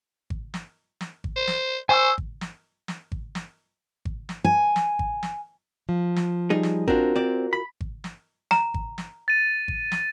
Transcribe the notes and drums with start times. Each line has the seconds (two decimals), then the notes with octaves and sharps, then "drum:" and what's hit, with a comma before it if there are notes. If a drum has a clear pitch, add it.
0.30 drum: kick G#1
0.54 drum: snare
1.01 drum: snare
1.24 drum: kick G#1
1.36 C5
1.47 drum: snare
1.89 C5 G#5 C#6 E6
2.18 drum: kick G#1
2.41 drum: snare
2.88 drum: snare
3.12 drum: kick G#1
3.35 drum: snare
4.05 drum: kick G#1
4.29 drum: snare
4.44 G#5
4.76 drum: snare
4.99 drum: kick G#1
5.23 drum: snare
5.89 F3
6.16 drum: snare
6.50 G3 D#4 G#4
6.63 drum: snare
6.88 C4 D4 F4 F#4 A#4, drum: kick G#1
7.16 C4 D5
7.53 B5
7.81 drum: kick G#1
8.04 drum: snare
8.51 A#5, drum: snare
8.74 drum: kick G#1
8.98 drum: snare
9.28 A6 D#7
9.68 drum: kick G#1
9.92 drum: snare